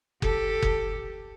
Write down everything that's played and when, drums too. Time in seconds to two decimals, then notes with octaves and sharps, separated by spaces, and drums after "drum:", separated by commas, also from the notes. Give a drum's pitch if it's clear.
0.22 G4 A4, drum: kick F#1
0.62 drum: kick F#1